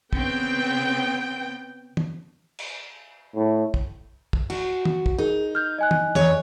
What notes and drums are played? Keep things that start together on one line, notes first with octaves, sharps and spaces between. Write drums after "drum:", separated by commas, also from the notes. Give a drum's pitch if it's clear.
C#3 B3 C4 G5, drum: kick
drum: tom
drum: cymbal
A2
drum: kick
drum: kick
F#4, drum: cymbal
drum: tom
drum: kick
D#4 G#4 A#4
F6 G6
D#5 G#5 F#6
drum: tom
E2 C#5, drum: tom